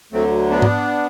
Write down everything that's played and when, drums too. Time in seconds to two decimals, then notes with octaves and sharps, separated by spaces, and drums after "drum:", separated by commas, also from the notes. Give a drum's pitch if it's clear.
0.12 D2 D3 F#3 A3 C4
0.50 B3 D4
0.62 drum: tom G#2